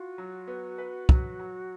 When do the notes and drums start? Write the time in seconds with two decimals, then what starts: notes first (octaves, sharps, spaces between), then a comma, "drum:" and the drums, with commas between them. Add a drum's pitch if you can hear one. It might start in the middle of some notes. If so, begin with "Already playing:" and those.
Already playing: F4 F#4
0.18 F#3
0.48 B3
0.78 B4
1.09 F#3, drum: kick
1.39 F#3